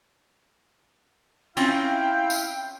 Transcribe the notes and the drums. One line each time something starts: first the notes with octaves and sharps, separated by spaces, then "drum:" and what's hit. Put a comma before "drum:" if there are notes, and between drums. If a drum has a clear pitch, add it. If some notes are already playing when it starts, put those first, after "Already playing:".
C4 C#4 E4 F4 E5 F5 G5, drum: cymbal
drum: tambourine